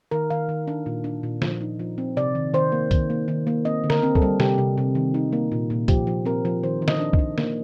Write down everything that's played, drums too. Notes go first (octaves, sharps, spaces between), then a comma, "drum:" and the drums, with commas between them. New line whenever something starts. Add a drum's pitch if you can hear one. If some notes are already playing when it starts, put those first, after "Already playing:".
D#3 A#4
D#3 F5
D#3
D4
A#2
D4
A#2
F3, drum: snare
D#4
F3
C4
C3 D5
D#3
D#3 C5
A#3
D#3, drum: kick, hi-hat
A#3
D#3
A#3
C4 D#5
D3
A#4, drum: snare
C4
A4, drum: kick
G3
C3 G4, drum: snare
C3
C3
D#3
D#4
A#3
A#2
A#2
F3 G4, drum: kick, hi-hat
F3
C4 A#4
F3
D#3 C5
D#3
D#5, drum: snare
D4
D#5, drum: kick
D4
A#3, drum: snare